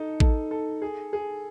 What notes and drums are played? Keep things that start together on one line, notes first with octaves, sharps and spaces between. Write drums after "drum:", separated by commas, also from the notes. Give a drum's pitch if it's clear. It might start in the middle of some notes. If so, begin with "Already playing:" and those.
Already playing: D#4 A4
A4, drum: kick A1
A4
G#4
G#4